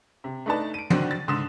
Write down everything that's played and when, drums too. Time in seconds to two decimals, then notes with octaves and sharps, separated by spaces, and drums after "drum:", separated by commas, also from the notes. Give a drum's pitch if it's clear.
0.24 C3
0.46 A3 D4 D#4 B4 D5 A5
0.74 D7 D#7
0.90 D3 D#3 D4 F#4 C5 D5, drum: tom
1.11 A6
1.28 G#2 D3 C6 D#6 E7